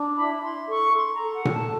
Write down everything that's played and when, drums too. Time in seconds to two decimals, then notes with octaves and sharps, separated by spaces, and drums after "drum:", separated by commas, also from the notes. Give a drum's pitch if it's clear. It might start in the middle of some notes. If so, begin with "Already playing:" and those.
Already playing: D4
0.17 E4 B5
0.42 E4 C6
0.69 A4 C#6
0.94 A4 C6
1.14 A#5
1.21 A4
1.33 F#5
1.45 A4, drum: tom A#2
1.52 A5